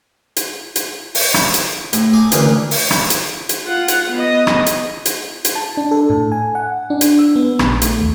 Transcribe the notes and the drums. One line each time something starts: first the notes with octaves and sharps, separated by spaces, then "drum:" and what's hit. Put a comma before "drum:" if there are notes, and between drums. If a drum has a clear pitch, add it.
drum: hi-hat
drum: hi-hat
drum: open hi-hat
drum: rim click
drum: hi-hat
A2, drum: hi-hat
G#4 G#5 A#5 D6
D2 E3 C#4 D4 A#4 D#6, drum: hi-hat
drum: open hi-hat
drum: rim click
drum: hi-hat
drum: hi-hat
F4 F#5
drum: hi-hat
B3 D#5
drum: rim click
drum: hi-hat
drum: hi-hat
drum: hi-hat
A5
D4
A4
A2
G#5
F#5
D4
drum: hi-hat
E6
B3
A#1, drum: rim click
A3, drum: hi-hat
D#2